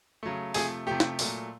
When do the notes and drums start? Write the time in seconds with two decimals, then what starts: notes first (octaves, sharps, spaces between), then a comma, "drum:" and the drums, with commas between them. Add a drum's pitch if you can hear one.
0.23 C#3 F#3 A3
0.54 C3 F3 A3 G#4 G#5, drum: open hi-hat
0.87 C3 F3 A3 G4 G5
1.00 drum: snare
1.19 A#2 F#3 A3, drum: open hi-hat